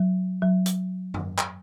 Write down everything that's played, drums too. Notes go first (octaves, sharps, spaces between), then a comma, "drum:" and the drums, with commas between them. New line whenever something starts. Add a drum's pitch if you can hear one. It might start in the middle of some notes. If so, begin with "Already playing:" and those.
Already playing: F#3
F#3
drum: hi-hat
drum: tom F#2
drum: clap